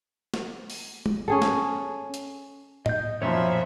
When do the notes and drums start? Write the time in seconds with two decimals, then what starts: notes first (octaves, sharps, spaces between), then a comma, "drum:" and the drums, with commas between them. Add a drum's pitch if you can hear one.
0.34 drum: snare
0.70 drum: open hi-hat
1.06 drum: tom
1.28 C#4 G#4 A4
1.42 drum: snare
2.14 drum: hi-hat
2.86 D#5 G6, drum: tom
3.22 B1 F#2 A#2 F3 C#5 E5 B5 C6